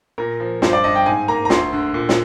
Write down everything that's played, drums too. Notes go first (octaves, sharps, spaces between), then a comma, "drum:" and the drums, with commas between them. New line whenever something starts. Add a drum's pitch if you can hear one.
A#2 A#4
F3
G2 C5, drum: snare
D5
G2 D#5
G5
G#2 G#5
A#3 A#5
A#5
D2 C6, drum: snare
D3
A#2
drum: snare